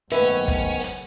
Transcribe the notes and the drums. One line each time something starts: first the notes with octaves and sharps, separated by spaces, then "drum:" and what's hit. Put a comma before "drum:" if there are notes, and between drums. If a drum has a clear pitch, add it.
F#1 G#2 D#3 A3 B3 C#4 B4 E5, drum: hi-hat
drum: kick, hi-hat
drum: hi-hat